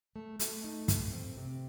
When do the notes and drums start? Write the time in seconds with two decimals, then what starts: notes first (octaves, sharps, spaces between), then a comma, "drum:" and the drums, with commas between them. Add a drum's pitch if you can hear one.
0.16 A3
0.40 A3, drum: hi-hat
0.64 D#4
0.88 G2, drum: kick, hi-hat
1.13 C4
1.37 C3